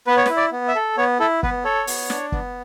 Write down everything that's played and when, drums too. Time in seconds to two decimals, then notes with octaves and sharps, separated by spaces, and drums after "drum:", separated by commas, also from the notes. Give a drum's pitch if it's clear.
0.07 B3 B4
0.17 C#5
0.26 B4, drum: snare
0.30 E4
0.37 D5
0.52 B3
0.68 E5
0.75 A4
0.97 B3 C#5
1.20 E4 A4
1.43 B3 B4, drum: kick
1.64 A4 C#5
1.87 B3, drum: open hi-hat
2.10 D4, drum: snare
2.32 B3, drum: kick